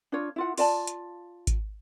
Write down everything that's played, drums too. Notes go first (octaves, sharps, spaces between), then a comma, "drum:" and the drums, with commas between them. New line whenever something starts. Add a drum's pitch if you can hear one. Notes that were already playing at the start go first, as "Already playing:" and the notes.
D4 F4 C#5
E4 F4 F#5
F4 D5 A5, drum: open hi-hat
drum: hi-hat
drum: kick G#1, hi-hat